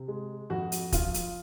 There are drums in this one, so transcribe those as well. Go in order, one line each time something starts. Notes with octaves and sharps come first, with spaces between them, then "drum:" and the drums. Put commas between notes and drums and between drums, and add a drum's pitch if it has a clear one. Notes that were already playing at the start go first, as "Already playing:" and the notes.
Already playing: C3
G#3
F2 F#4
drum: hi-hat
F3 F4, drum: kick, hi-hat
drum: hi-hat